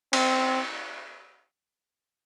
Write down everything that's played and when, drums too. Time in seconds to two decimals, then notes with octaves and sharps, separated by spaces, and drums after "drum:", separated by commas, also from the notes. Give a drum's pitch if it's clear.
0.13 C4, drum: cymbal